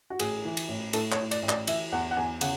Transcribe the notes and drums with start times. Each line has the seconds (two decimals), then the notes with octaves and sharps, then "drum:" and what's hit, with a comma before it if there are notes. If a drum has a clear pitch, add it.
0.10 F#4
0.19 A1 G#4, drum: cymbal
0.45 E3
0.57 drum: cymbal
0.69 A1
0.93 A2 A4, drum: cymbal
1.12 C#5, drum: clap
1.19 A2
1.31 D5, drum: cymbal
1.42 A1
1.49 D5, drum: clap
1.67 E3 E5, drum: cymbal
1.92 E2 F#5
2.11 F#5
2.17 E2 G#5
2.41 C#3 F#5, drum: cymbal